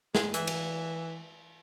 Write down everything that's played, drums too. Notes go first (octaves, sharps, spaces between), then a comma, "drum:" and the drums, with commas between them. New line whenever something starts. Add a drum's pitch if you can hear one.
G#3, drum: snare
E3, drum: hi-hat
drum: cymbal